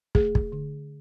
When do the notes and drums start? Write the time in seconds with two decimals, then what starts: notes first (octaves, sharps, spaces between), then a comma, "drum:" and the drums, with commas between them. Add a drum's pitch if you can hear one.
0.15 A3 G#4, drum: kick
0.35 drum: kick
0.52 D3